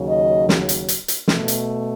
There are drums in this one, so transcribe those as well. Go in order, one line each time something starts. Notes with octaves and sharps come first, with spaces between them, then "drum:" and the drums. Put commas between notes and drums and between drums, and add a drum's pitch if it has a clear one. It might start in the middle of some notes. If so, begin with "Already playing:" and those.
Already playing: D#2 C#3 F#3
D#5
drum: snare
drum: hi-hat
drum: hi-hat
drum: hi-hat
B2 A3, drum: snare
drum: hi-hat